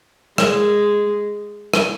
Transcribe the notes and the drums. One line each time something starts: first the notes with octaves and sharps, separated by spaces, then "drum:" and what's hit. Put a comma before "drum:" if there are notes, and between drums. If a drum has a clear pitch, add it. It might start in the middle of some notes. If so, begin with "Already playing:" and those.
G#3, drum: rim click
drum: rim click